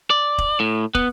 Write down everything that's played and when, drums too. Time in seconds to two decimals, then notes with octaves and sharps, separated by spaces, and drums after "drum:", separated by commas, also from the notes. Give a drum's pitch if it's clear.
0.10 D5
0.38 drum: kick
0.60 A2
0.95 B3, drum: kick